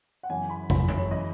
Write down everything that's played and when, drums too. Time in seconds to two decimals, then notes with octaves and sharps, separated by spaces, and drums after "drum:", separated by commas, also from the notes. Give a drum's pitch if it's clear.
0.23 F#5
0.29 F#2 C#3 E3 G#5
0.50 B5
0.70 F#2 C#3 E3 B5, drum: kick
0.88 drum: tom
0.97 C#5
1.11 C#3 E3 D#5